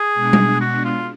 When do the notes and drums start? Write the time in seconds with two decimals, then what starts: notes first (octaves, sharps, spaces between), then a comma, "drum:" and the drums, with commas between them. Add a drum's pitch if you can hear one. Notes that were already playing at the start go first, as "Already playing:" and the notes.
Already playing: G#4
0.14 B2 G#3 B3 D4
0.33 drum: tom G3
0.61 F#4
0.84 F4